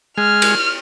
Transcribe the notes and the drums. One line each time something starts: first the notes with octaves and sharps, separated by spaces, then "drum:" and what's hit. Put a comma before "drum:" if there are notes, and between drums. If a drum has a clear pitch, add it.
G#3 F6
drum: cymbal